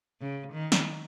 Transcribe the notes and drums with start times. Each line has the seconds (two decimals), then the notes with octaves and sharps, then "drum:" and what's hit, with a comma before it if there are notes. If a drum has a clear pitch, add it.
0.21 C#3
0.53 D#3
0.72 drum: snare